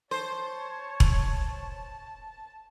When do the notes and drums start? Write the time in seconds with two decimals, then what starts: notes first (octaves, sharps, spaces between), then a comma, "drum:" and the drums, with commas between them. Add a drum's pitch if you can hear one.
0.11 C5 C#5 A5
1.00 drum: kick E1